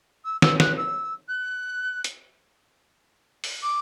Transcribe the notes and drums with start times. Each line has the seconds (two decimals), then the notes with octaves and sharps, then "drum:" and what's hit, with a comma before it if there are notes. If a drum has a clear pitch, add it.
0.25 E6
0.42 E6, drum: snare
0.60 F#6, drum: snare
0.77 E6
1.29 F#6
2.04 drum: hi-hat
3.44 drum: open hi-hat
3.63 D6